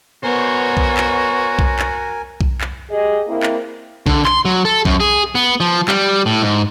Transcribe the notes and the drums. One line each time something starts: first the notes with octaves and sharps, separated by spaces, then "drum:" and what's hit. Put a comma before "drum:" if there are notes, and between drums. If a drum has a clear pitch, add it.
B3 F#4 A#4 C5 C#5 G#5
drum: kick B1
drum: clap
drum: kick B1
drum: clap
drum: kick B1
drum: clap
G4 G#4 D#5
A#3 C4 E4
drum: clap
D3, drum: kick B1
C6, drum: clap
F#3
A4
F#2, drum: kick B1
G#4
B3
F3
G3, drum: clap
A2
G#2